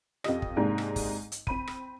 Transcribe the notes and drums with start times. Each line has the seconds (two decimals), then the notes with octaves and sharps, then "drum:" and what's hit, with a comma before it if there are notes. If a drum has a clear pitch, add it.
0.24 F2 F4 G4 D#5, drum: rim click
0.42 drum: kick
0.56 G#2 C3 A#3 D4 D#4
0.78 drum: rim click
0.96 drum: kick, open hi-hat
1.32 drum: hi-hat
1.47 C4 B5 D#7, drum: kick
1.67 drum: rim click